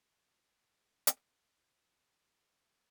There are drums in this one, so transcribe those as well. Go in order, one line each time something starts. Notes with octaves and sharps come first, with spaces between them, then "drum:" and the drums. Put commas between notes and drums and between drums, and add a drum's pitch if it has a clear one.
F1 G#5 D7
drum: hi-hat